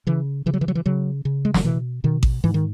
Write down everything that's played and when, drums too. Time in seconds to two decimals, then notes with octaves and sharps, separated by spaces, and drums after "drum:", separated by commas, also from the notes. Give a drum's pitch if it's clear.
0.07 C#3 E3
0.46 C#3 E3
0.54 F#3
0.61 E3
0.68 F#3
0.75 E3
0.86 C#3 F#3
1.25 C#3
1.45 G#3
1.54 F#3, drum: snare
1.64 B2 E3
2.04 B2 D#3
2.23 drum: kick A1
2.44 G#2 E3
2.54 D#3